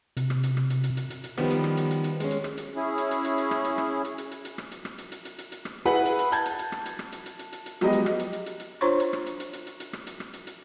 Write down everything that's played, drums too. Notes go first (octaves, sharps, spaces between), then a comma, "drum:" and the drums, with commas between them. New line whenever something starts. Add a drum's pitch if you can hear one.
C3, drum: hi-hat
drum: rim click
drum: hi-hat
drum: rim click
drum: hi-hat
drum: hi-hat
drum: hi-hat
drum: hi-hat
drum: hi-hat
D#3 F3 G3 B3, drum: rim click
drum: hi-hat
drum: rim click
drum: hi-hat
drum: hi-hat
drum: hi-hat
G#3 C#4, drum: hi-hat
drum: hi-hat
drum: rim click
drum: hi-hat
C#4 E4 G#4
drum: hi-hat
drum: hi-hat
drum: hi-hat
drum: hi-hat
drum: rim click
drum: hi-hat
drum: rim click
drum: hi-hat
drum: hi-hat
drum: hi-hat
drum: hi-hat
drum: rim click
drum: hi-hat
drum: rim click
drum: hi-hat
drum: hi-hat
drum: hi-hat
drum: hi-hat
drum: hi-hat
drum: rim click
E4 G#4 B4 F#5 B5
drum: hi-hat
drum: hi-hat
A5 G6 G#6, drum: hi-hat
drum: hi-hat
drum: hi-hat
drum: rim click
drum: hi-hat
drum: rim click
drum: hi-hat
drum: hi-hat
drum: hi-hat
drum: hi-hat
drum: hi-hat
F3 F#3 G#3 B3 G4 D#5, drum: rim click
drum: hi-hat
drum: rim click
drum: hi-hat
drum: hi-hat
drum: hi-hat
drum: hi-hat
D4 F4 C5 C#5 C6 C#6
drum: hi-hat
drum: rim click
drum: hi-hat
drum: hi-hat
drum: hi-hat
drum: hi-hat
drum: hi-hat
drum: rim click
drum: hi-hat
drum: rim click
drum: hi-hat
drum: hi-hat